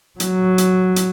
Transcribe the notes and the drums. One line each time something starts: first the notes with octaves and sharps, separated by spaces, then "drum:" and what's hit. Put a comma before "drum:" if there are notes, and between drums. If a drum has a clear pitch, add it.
F#3, drum: hi-hat
drum: hi-hat
drum: hi-hat